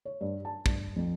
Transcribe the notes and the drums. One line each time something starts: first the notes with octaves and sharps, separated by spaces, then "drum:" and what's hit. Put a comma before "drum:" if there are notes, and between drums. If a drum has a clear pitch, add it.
C#5
G2
A5
G2, drum: kick
F2